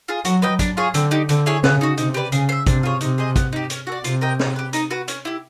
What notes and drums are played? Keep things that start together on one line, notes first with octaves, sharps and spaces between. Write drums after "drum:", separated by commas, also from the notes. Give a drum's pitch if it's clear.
F4 G#4
F#3 F#4, drum: hi-hat
B4 D#5 G5
D4, drum: kick, hi-hat
F4 G#4 C#5
D3 C4, drum: hi-hat
D#4 G4
D3 C4, drum: hi-hat
E4 G#4 C#5
C#3 B3, drum: snare
D#4 F#4
C3 D#4, drum: hi-hat
G4 B4 D5
C#3 G#4, drum: hi-hat
C5 E5
C3 D4, drum: kick, hi-hat
F4 G#4 C#5
C3 D#4, drum: hi-hat
G#4 C5 D#5
B3, drum: kick, hi-hat
D#4 G4
C#4, drum: hi-hat
F#4 A4
D5
C3 F4, drum: hi-hat
A#4 D#5 G5
D#4, drum: snare
G4 B4
D#4, drum: hi-hat
F#4 B4
C#4, drum: hi-hat
E4 G4